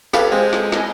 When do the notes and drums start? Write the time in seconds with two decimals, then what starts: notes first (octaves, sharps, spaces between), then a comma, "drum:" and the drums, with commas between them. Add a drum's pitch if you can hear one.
0.14 G4 A4 B4 C#5 F5, drum: snare
0.32 G#3 C4 C5
0.53 drum: snare
0.72 E4 D#5 G#5, drum: snare